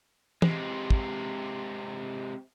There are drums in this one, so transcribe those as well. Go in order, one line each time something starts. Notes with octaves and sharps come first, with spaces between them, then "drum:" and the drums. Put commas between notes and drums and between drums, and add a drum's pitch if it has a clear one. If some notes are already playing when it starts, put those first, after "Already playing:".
C3 G#3, drum: tom
drum: kick